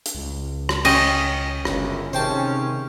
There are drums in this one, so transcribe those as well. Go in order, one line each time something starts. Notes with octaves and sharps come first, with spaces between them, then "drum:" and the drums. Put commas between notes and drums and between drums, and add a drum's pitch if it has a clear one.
drum: hi-hat
C#2
drum: rim click
C#4 D#5 G5, drum: cymbal
G1 C#2 F#2, drum: rim click
C3 D#3 G#3 C#4 C5 G5 A5